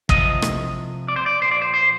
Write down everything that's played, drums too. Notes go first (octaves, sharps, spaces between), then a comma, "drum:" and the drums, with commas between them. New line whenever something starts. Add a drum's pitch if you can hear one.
C3 F3 D#5, drum: kick
drum: rim click
D5
C5
D5
A#2 F3 C5
D5
C5
C5